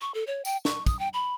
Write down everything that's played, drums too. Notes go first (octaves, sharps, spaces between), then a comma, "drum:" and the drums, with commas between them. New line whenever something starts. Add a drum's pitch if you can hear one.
C#6
A4
C#5
G5, drum: tambourine
C#6, drum: snare
D#6, drum: kick, tambourine
G5
B5